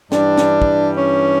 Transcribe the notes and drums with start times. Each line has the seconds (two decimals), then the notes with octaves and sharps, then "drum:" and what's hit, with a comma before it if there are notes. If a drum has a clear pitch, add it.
0.12 G2 E3 G3 D4, drum: snare
0.38 drum: snare
0.62 drum: kick
0.96 C#4